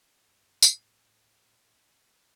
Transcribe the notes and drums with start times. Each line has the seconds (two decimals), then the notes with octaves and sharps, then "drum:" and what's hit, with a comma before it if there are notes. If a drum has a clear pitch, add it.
0.23 G2
0.63 A2, drum: tambourine
1.02 A2
1.41 A#2